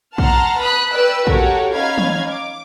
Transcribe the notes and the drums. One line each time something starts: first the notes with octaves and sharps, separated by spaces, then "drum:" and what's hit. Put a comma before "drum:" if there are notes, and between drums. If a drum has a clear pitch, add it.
F#5 A5 A#5 C6 F6, drum: kick A#1
B4 B5 D#6 F#6
B4 D5 G5 E6 F#6
F#4 G4 A4 A#4 C#5, drum: kick A#1
C#4 D#4 F5 B5 F6 G#6
drum: tom E3
D6